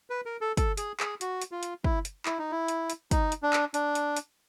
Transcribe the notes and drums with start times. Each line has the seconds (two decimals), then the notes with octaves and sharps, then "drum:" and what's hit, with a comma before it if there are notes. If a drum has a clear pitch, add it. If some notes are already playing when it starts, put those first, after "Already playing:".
0.10 B4
0.26 A#4
0.41 A4
0.57 A4, drum: kick, hi-hat
0.77 G#4, drum: hi-hat
1.00 G#4, drum: clap
1.21 F#4, drum: hi-hat
1.42 drum: hi-hat
1.51 F4
1.63 drum: hi-hat
1.84 E4, drum: kick
2.05 drum: hi-hat
2.26 E4, drum: clap
2.39 D#4
2.51 E4
2.68 drum: hi-hat
2.90 drum: hi-hat
3.11 D#4, drum: kick, hi-hat
3.32 drum: hi-hat
3.43 D4
3.53 drum: clap
3.74 D4, drum: hi-hat
3.95 drum: hi-hat
4.17 drum: hi-hat